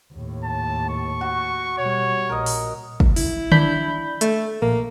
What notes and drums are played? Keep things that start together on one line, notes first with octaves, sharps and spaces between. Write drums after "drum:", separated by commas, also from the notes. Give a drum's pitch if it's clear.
D#2 A2
A5
C#6
F#4
B2 G3 C#5
A#1 A#4 D#5
drum: open hi-hat
drum: kick
E4, drum: open hi-hat
D4 B5 G6, drum: tom D3
A3, drum: hi-hat
A#1 A#3